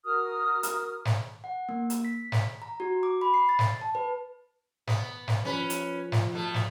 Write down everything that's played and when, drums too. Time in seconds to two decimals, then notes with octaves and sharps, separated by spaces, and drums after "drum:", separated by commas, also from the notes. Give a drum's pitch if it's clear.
0.05 F#4 A#4 D#6 F6
0.63 drum: hi-hat
1.05 drum: snare
1.44 F#5
1.69 A#3
1.90 drum: hi-hat
2.05 B6
2.32 drum: snare
2.62 A#5
2.80 F#4
3.03 D6
3.21 B5
3.34 C7
3.49 A6
3.59 drum: snare
3.81 A5
3.95 B4
4.87 B3, drum: snare
5.28 drum: snare
5.45 F3 C#4 B4
5.70 drum: hi-hat
6.12 drum: snare
6.32 B2 A3
6.54 drum: snare